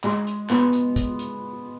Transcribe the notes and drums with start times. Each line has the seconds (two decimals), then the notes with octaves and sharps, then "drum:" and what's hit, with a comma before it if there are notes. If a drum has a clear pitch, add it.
0.04 G#3, drum: clap
0.27 drum: hi-hat
0.50 B3, drum: clap
0.73 drum: hi-hat
0.96 drum: kick, hi-hat
1.19 drum: hi-hat